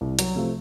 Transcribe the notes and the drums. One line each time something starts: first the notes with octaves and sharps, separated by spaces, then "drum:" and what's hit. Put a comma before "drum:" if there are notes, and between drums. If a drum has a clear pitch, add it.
C2
F#3, drum: hi-hat
C3 F3 A3